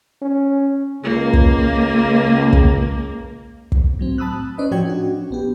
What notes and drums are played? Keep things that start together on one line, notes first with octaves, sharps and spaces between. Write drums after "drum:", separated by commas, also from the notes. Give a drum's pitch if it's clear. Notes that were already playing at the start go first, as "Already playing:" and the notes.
C#4
C#2 A#3
drum: kick
drum: kick
drum: kick
A2 F#3 C4
A5 B5 D#6 E6 F#6
C#4 B4 C5 D5 D#5
A2 F3 F#4 C#5 G5 G#6
C#4 D4 F#4
A#1 B3 G4